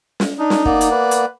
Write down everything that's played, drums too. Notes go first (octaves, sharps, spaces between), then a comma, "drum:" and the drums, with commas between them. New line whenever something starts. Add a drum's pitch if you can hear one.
drum: snare
D4 D#4
drum: snare
A#3 B3 D5, drum: kick
drum: hi-hat
B4
drum: hi-hat